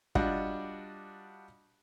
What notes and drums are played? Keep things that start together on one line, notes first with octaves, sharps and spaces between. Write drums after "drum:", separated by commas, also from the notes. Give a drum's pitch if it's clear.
G3 D4 F4 F#4 D#5 F#5, drum: kick